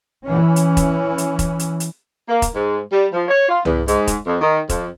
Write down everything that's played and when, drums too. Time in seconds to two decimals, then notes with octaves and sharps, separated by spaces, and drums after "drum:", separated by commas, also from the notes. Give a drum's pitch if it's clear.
0.24 E3 C#4
0.56 drum: hi-hat
0.77 drum: kick E1, hi-hat
1.18 drum: hi-hat
1.39 drum: kick E1, hi-hat
1.59 drum: hi-hat
1.80 drum: hi-hat
2.29 A#3
2.42 drum: kick E1, hi-hat
2.55 G#2
2.92 G3
3.13 F3
3.29 C#5
3.49 F4
3.65 E2, drum: tom C2
3.88 G#2, drum: hi-hat
4.07 drum: kick E1, hi-hat
4.27 F2
4.41 D#3
4.69 F2, drum: kick E1, hi-hat